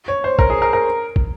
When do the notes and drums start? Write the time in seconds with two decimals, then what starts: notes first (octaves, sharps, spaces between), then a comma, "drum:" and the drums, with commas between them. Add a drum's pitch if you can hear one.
0.08 C#5
0.24 C5
0.39 A#4, drum: kick
0.50 G#4
0.62 A#4
0.73 A#4
1.16 drum: kick